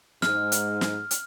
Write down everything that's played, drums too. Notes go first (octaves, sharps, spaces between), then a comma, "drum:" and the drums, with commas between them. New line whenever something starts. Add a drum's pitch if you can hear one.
G#2 F6, drum: snare
drum: hi-hat
drum: snare
drum: hi-hat